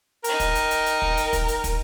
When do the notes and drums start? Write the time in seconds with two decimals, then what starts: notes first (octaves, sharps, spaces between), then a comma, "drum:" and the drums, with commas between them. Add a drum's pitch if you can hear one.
0.24 D#4 A#4 G5, drum: hi-hat
0.40 drum: kick, hi-hat
0.55 drum: hi-hat
0.71 drum: hi-hat
0.86 drum: hi-hat
1.02 drum: kick
1.17 drum: hi-hat
1.33 drum: kick, hi-hat
1.48 drum: hi-hat
1.64 drum: kick, hi-hat